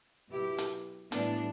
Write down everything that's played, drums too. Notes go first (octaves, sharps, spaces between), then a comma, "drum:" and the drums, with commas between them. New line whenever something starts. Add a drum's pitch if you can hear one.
B2 F#3 E4 G4
drum: hi-hat
A2 E3 G3 B3 D4, drum: hi-hat